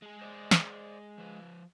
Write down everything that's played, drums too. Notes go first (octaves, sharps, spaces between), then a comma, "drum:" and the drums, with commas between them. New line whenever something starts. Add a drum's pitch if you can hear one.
G#3 G#4
C5 D5 D#5
drum: snare
F3 B4